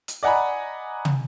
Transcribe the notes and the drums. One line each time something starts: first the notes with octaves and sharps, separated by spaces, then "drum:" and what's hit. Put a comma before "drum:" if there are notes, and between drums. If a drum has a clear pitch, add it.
drum: hi-hat
D5 D#5 F#5 G#5 A#5 B5
drum: tom